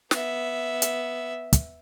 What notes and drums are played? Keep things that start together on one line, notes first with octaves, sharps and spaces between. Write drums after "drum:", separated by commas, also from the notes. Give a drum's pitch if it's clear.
B3 E5, drum: snare
drum: hi-hat
drum: kick, hi-hat